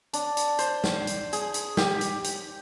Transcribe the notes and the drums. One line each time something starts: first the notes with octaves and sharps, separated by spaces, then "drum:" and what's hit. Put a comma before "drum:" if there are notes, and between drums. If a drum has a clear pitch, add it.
D4, drum: hi-hat
drum: hi-hat
C5, drum: hi-hat
drum: snare
drum: hi-hat
G#4, drum: hi-hat
drum: hi-hat
G4, drum: snare
drum: hi-hat
drum: hi-hat